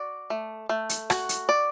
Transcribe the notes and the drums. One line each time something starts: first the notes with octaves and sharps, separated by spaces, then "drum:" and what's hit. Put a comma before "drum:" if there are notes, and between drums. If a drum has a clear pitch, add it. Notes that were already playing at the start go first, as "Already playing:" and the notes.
Already playing: F#4 D5
A3
A3
drum: hi-hat
F#4, drum: rim click
drum: hi-hat
D5